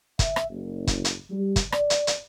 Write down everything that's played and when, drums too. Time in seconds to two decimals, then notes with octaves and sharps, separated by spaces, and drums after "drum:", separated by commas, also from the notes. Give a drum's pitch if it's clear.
0.19 E5, drum: kick, hi-hat
0.36 drum: rim click
0.50 F#1
0.87 drum: kick, hi-hat
1.05 drum: hi-hat
1.30 G3
1.56 drum: kick, hi-hat
1.72 D5, drum: rim click
1.90 drum: hi-hat
2.07 drum: hi-hat